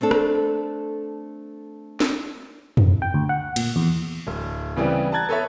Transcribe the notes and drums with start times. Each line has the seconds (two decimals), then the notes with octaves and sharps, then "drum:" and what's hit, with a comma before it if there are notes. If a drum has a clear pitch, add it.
0.01 A3 C4 D4 A4
0.11 drum: rim click
2.00 drum: snare
2.77 drum: tom F2
3.02 G5
3.14 D2
3.29 F#5
3.56 A#2, drum: cymbal
3.76 E2
4.27 D1
4.77 C#3 E3 G3 B3 C4
5.12 A5 A#5 F#6 G#6 A6
5.29 B3 A4 B4 C#5 E5